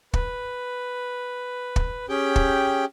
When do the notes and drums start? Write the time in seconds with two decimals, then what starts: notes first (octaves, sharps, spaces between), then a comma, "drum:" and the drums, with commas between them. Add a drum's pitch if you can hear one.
0.13 B4, drum: kick
1.76 drum: kick
2.09 C#4 G4 G#4 G5
2.36 drum: kick